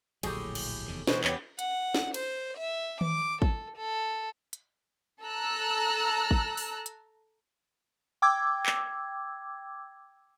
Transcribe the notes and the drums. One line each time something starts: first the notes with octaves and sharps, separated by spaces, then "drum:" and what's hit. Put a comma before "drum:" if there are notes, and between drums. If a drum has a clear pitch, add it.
D1 A#1 A2 F#3 G4 G#4, drum: cymbal
drum: cymbal
F1 E2 D#3
B2 E3 B3 C#4 B4 C5 D#5, drum: snare
E2 B3 G4 C#5, drum: clap
F#5, drum: hi-hat
drum: snare
C5, drum: cymbal
E5
D6, drum: tom D#3
A4, drum: kick G#1
A4
drum: hi-hat
A4 A#5 E6 F#6
drum: kick G#1
drum: open hi-hat
drum: hi-hat
G5 D6 E6 G#6
drum: clap